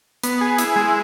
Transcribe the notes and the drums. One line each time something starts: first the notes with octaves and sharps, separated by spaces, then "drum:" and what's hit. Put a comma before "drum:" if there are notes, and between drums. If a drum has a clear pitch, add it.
B3, drum: hi-hat
G#4
E4, drum: hi-hat
G#3